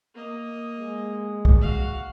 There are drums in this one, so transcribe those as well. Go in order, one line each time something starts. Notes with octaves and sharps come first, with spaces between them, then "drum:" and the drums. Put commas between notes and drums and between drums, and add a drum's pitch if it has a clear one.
A#3 D#5
G#3
drum: kick
F#4 F5